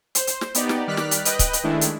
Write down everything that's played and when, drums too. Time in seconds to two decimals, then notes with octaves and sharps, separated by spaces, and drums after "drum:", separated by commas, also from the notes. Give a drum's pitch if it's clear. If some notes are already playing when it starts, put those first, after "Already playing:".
0.15 C5, drum: hi-hat
0.27 drum: hi-hat
0.41 drum: snare
0.55 B3 D#4 G4 D5, drum: hi-hat
0.69 drum: snare
0.87 D#3 G3 D5 F6 F#6 B6
0.97 drum: snare
1.11 drum: hi-hat
1.25 B4 D#5 G5 F#6, drum: hi-hat
1.39 drum: kick C#1, hi-hat
1.53 drum: hi-hat
1.64 D#3 G#3 A3 D4 E4
1.81 drum: hi-hat